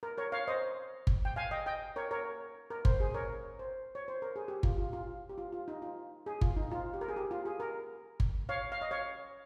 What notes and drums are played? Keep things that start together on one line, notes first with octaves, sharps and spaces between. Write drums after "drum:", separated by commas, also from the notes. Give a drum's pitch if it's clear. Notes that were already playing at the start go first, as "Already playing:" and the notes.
A#4
A#4 C#5
C#5 F5
C5 D#5
drum: kick G1
G5
F5 G#5
D#5 G5
D#5 G5
A#4 C#5
A#4 C#5
A#4
C5, drum: kick G1
G#4
A#4 C#5
C5
C#5
C5
A#4
G#4
G4
F4, drum: kick G1
F4
F4
G4
F4
F4
D#4
F4
G#4
F4, drum: kick G1
D#4
F4
G4
A#4
G#4
G4
F4
G#4
A#4
drum: kick G1
C#5 F5
F5
D#5
C#5 F5